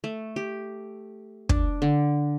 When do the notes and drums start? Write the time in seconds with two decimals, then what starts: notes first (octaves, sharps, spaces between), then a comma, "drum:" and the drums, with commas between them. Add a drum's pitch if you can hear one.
0.04 A3
0.36 G4
1.49 D4, drum: kick
1.82 D3